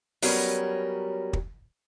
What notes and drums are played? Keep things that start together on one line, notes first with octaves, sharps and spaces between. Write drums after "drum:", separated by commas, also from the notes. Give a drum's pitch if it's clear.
F#3 G3 B3 C#4 A#4 C#5, drum: open hi-hat
drum: kick